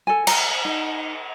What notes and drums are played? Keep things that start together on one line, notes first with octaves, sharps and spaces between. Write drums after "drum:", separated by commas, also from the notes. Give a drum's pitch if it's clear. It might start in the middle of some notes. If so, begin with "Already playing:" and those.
A4 G#5
C5 A#5, drum: cymbal
D#4